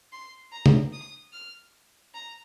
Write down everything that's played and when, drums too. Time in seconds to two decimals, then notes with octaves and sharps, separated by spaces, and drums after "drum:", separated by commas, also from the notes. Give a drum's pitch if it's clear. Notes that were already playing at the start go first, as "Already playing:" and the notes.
0.12 C6
0.52 A#5
0.66 drum: tom
0.93 D#6
1.33 F6
2.14 A#5